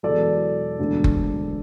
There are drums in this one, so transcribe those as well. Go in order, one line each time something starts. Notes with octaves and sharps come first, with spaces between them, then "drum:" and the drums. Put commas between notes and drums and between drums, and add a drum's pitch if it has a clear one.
E1 E2 B2 F#3 A4 D5
E1 D2 D3 F#3
drum: kick F#1